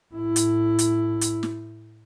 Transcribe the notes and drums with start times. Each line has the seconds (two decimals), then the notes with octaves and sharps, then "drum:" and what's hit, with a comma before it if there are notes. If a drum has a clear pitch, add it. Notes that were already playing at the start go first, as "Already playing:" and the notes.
0.14 A2 E4
0.36 drum: hi-hat
0.79 drum: hi-hat
1.21 drum: hi-hat
1.43 drum: snare